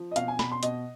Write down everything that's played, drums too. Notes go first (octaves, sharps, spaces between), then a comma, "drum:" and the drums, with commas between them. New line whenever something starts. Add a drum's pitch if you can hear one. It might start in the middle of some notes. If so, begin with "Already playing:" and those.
Already playing: F3
D#5
B2 F5, drum: hi-hat
G#5
B2 B5, drum: snare
C6
B2 D#5, drum: hi-hat